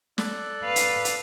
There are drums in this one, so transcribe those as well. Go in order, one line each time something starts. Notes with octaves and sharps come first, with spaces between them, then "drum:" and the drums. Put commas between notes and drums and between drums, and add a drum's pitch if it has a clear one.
A4 D5 F#6, drum: snare
B4 F5
drum: hi-hat
drum: hi-hat